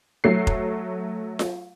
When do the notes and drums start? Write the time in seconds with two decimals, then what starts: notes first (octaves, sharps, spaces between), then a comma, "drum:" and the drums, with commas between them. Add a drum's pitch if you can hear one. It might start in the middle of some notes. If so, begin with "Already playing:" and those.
0.24 F#3 A3 C7
0.47 drum: kick F1
1.39 drum: snare F4